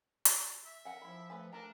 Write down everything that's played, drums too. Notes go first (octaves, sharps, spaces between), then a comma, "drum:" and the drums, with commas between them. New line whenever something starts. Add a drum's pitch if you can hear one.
drum: hi-hat
E5
A#4 F#5 G#5
F3 E4 B5
A3 B4 G#5
A3 D4 A#4 A5 A#5